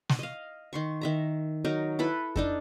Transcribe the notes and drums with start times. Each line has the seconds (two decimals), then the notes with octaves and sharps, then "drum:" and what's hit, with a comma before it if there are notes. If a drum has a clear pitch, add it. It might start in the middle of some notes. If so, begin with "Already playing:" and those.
0.09 drum: snare
0.19 D#5 F5
0.73 D#3 C6 C#6
1.01 D#3 E5 A#5
1.65 F#3 D#4 A#4 C#6
1.99 E4 A4 B4 B5
2.36 D4 D#4 A4, drum: kick F2